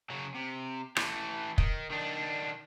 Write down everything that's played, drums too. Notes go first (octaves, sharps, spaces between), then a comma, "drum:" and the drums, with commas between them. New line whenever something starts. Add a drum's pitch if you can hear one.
C#3 F#3
C3
E3 A3, drum: rim click
D#3, drum: kick
D#3 D4